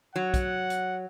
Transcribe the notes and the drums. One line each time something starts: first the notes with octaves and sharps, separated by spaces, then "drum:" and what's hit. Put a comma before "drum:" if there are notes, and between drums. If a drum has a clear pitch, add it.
F#3 F#5
drum: kick, hi-hat
drum: hi-hat